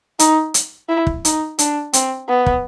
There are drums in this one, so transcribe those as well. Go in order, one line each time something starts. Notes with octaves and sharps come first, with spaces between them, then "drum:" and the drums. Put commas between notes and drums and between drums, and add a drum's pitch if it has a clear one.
D#4, drum: hi-hat
drum: hi-hat
E4
drum: kick
D#4, drum: hi-hat
D4, drum: hi-hat
C4, drum: hi-hat
B3
drum: kick